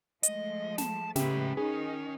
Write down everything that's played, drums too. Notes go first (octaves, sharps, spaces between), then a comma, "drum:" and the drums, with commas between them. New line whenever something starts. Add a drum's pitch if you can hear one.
F3 G#3 A3 D#5, drum: hi-hat
A5, drum: snare
A2 C#3 G#3 C#4 G4 B4 E5, drum: snare
D#3 C#4 D#4 G#4